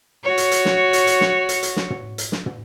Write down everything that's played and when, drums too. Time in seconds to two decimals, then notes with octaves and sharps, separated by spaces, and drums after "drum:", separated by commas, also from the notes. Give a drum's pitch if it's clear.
0.24 F#4 C#5
0.38 drum: hi-hat
0.51 drum: hi-hat
0.65 drum: snare
0.93 drum: hi-hat
1.07 drum: hi-hat
1.21 drum: snare
1.49 drum: hi-hat
1.63 drum: hi-hat
1.76 drum: snare
1.90 drum: tom
2.18 drum: hi-hat
2.32 drum: snare
2.46 drum: tom